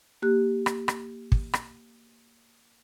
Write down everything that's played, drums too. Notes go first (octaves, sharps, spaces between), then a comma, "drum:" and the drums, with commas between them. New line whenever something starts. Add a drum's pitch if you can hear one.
A#3 G4 F#6
drum: rim click
drum: rim click
drum: kick
drum: rim click